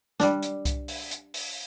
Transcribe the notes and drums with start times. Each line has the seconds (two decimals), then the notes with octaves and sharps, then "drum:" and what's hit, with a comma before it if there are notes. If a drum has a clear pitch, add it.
0.20 G3 D4, drum: snare
0.42 drum: hi-hat
0.65 drum: kick C2, hi-hat
0.88 drum: open hi-hat
1.11 drum: hi-hat
1.34 drum: open hi-hat